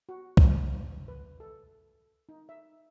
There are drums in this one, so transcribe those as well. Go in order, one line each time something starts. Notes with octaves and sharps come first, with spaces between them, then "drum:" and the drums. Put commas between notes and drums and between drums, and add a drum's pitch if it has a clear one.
F#4
G#5, drum: kick
B4
A4
D#4
E5